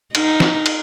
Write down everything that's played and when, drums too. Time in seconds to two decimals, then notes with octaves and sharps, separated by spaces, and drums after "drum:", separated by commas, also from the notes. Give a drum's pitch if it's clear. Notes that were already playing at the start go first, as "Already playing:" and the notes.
0.15 D#4, drum: cymbal
0.40 drum: snare
0.66 drum: cymbal